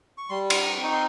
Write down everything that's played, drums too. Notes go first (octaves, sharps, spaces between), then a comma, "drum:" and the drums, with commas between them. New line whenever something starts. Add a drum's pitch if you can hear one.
C#6
G3 C6
C6, drum: cymbal
A#5
C4
D#4 C#6
C6